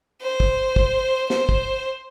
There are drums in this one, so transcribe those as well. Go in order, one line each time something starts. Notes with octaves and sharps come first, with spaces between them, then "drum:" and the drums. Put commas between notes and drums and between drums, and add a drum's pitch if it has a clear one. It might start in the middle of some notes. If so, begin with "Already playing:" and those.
C5
drum: kick
drum: kick
C5, drum: snare
drum: kick